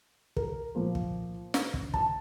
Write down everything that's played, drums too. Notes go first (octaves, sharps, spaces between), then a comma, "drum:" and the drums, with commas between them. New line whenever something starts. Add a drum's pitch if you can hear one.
A#4, drum: kick
A#2 F3 A#3 C5
drum: kick
drum: snare
drum: kick
A5, drum: kick